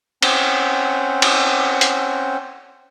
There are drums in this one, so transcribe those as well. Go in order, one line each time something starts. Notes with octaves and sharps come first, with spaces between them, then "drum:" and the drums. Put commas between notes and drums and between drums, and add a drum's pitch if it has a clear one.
C4 C#4 C5 F#5, drum: cymbal
drum: cymbal
drum: hi-hat